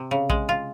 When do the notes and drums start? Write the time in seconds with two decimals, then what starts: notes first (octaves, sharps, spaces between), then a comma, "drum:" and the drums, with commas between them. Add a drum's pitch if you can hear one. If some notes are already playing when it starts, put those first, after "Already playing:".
Already playing: C3
0.11 C#3
0.30 G#3, drum: kick A#1
0.49 F4